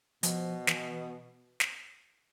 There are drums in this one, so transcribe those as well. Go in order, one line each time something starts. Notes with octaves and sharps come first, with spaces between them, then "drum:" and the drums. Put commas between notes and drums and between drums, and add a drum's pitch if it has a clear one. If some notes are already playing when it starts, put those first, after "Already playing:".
B2 F3, drum: hi-hat
E3, drum: snare
drum: snare